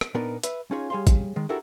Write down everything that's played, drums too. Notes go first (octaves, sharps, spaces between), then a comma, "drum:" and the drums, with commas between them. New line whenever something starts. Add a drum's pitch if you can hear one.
drum: rim click
A#2 B3 D4 D#4 A#4 D5
B4 E5, drum: hi-hat
C#4 D#4 F4 G#4 C#5
G3 G#4 C#5 F5 C6
drum: kick, hi-hat
D#3 G#3
D4 E4 F#4 G4 A4 A#4